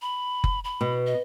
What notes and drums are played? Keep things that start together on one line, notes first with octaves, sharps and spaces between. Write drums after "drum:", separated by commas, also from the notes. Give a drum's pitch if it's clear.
B5
drum: kick F#1
B5
B2
D#5